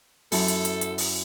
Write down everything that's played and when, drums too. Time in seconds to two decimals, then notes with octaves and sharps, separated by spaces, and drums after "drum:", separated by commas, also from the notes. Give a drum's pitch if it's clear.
0.32 F#2 E4 A4 A5, drum: open hi-hat
0.48 drum: hi-hat
0.65 drum: hi-hat
0.81 drum: hi-hat
0.98 drum: open hi-hat